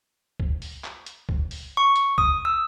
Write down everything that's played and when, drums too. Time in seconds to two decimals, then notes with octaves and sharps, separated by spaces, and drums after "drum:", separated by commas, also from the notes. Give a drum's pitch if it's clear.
0.40 drum: kick
0.62 drum: open hi-hat
0.84 drum: clap
1.06 drum: hi-hat
1.29 drum: kick
1.51 drum: open hi-hat
1.77 C#6
1.96 drum: hi-hat
2.18 D#6, drum: kick
2.45 E6